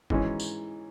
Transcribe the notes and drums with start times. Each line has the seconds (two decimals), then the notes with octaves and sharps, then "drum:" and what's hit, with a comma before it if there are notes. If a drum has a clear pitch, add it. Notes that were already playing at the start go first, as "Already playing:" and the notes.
0.10 G#2 E3 G#3 C#4, drum: kick
0.40 drum: tambourine